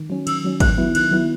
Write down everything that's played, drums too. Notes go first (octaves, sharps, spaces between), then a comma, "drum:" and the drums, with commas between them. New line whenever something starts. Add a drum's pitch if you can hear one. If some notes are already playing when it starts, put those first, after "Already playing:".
Already playing: D#3
F#3 C#4
D#3 E6, drum: cymbal
F#3 C#4
D#3 F#6, drum: kick G#1, cymbal
F#3 B3 E4
D#3 F#6, drum: cymbal
F#3 B3 E4